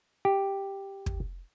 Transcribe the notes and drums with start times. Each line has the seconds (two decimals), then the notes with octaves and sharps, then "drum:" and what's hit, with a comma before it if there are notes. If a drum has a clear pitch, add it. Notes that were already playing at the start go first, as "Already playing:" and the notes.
0.25 G4
1.06 drum: kick